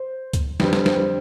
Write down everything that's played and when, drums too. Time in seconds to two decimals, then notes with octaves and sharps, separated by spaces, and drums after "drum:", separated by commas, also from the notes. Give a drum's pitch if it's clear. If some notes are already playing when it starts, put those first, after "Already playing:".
Already playing: C5
0.33 drum: kick C#2, hi-hat
0.60 F2 D3 G3 C4 B4, drum: snare
0.73 B4, drum: snare
0.86 C5, drum: snare
0.94 B4
1.00 C5